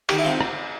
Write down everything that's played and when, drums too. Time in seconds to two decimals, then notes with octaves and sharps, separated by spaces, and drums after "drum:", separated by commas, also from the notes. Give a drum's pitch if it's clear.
0.09 D#3 G4, drum: cymbal
0.18 E4
0.25 C3 F4
0.41 drum: rim click